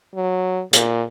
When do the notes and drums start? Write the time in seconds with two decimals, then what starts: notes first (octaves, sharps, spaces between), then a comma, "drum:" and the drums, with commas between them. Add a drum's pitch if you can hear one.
0.15 F#3
0.73 A#2, drum: hi-hat